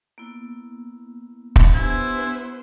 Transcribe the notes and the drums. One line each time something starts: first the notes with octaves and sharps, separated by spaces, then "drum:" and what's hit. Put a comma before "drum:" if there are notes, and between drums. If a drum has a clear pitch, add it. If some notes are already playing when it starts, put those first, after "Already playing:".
A#3 B3 E4
drum: kick
B3 D4 E4 G4 C5 G#5